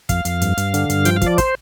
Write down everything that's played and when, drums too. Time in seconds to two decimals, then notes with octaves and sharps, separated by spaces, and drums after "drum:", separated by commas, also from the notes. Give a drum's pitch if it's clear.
0.09 F2 F5, drum: kick, hi-hat
0.25 F2, drum: hi-hat
0.42 G2, drum: hi-hat
0.58 G2, drum: hi-hat
0.74 D3, drum: hi-hat
0.90 G2, drum: hi-hat
1.05 F3 G5, drum: hi-hat
1.16 F5
1.21 F3, drum: kick, hi-hat
1.27 D5
1.38 C5, drum: kick, hi-hat